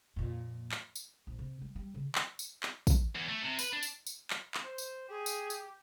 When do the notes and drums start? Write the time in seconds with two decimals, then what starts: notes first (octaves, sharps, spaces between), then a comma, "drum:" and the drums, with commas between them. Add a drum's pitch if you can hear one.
0.16 F2 A#2
0.72 drum: clap
0.96 drum: tambourine
1.27 A#1
1.39 C3
1.62 G3
1.76 G3
1.94 C#3
2.15 drum: clap
2.39 drum: tambourine
2.63 drum: clap
2.87 drum: kick, tambourine
3.15 E2
3.29 A3
3.43 C3
3.59 B4, drum: tambourine
3.73 D4
3.83 drum: tambourine
4.07 drum: tambourine
4.30 drum: clap
4.54 drum: clap
4.64 C5
4.78 drum: tambourine
5.09 G4 G#4
5.26 drum: tambourine
5.50 drum: tambourine